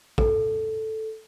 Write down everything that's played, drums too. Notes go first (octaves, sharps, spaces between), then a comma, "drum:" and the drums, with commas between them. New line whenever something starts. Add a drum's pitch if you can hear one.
A4, drum: kick